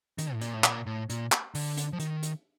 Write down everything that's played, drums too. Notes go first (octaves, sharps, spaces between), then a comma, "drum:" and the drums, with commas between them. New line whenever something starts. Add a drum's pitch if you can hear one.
D#3, drum: hi-hat
A2
A#2, drum: hi-hat
A2
A#2, drum: clap
A2
A#2, drum: hi-hat
drum: clap
D3, drum: open hi-hat
drum: hi-hat
F3
D#3, drum: hi-hat
drum: hi-hat